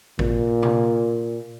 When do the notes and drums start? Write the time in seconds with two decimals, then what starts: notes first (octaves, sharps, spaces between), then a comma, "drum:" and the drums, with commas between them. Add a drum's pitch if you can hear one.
0.19 A#2, drum: kick
0.63 drum: tom A#2